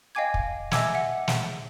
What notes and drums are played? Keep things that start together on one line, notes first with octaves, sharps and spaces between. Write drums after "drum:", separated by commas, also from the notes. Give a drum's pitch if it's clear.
D#5 F5 G5 G#5 D6 G#6
drum: kick
D#5 E5 G#5 D6 E6 G#6, drum: snare
E5 F#5
drum: snare